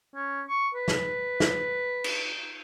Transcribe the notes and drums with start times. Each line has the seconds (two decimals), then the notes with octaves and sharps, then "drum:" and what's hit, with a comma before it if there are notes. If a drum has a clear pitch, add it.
0.15 C#4
0.48 C#6
0.75 B4
0.88 drum: snare
1.40 drum: snare
2.04 drum: cymbal